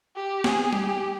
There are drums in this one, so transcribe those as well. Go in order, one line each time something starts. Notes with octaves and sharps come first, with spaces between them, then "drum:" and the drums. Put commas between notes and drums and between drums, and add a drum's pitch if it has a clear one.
G4
G#4, drum: snare
G4, drum: tom G3